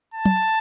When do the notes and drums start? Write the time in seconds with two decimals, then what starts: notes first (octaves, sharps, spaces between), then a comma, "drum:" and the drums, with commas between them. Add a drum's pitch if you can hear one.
0.14 A5
0.26 drum: tom